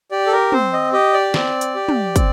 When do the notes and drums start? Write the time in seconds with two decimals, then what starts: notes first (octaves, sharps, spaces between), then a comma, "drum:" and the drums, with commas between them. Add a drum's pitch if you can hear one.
0.11 G4 D5
0.26 A4
0.32 A#4
0.52 C4 C5, drum: tom
0.73 D#5
0.93 G4 D#5
1.14 D5
1.34 C4, drum: snare
1.61 drum: hi-hat
1.75 G4
1.88 drum: tom
2.16 C4, drum: kick, hi-hat